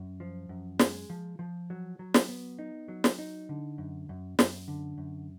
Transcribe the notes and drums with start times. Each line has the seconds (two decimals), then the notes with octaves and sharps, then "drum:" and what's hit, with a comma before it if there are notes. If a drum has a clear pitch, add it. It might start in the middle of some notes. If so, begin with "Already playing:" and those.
Already playing: F#2
0.20 F3
0.49 F#2
0.79 G#3, drum: snare
1.10 F3
1.39 F3
1.70 F#3
1.99 F#3
2.14 drum: snare
2.29 B3
2.59 D#4
2.88 F#3
3.04 drum: snare
3.18 D#4
3.49 D3
3.78 F#2
4.09 F#2
4.39 F#2, drum: snare
4.68 D3
4.98 F#2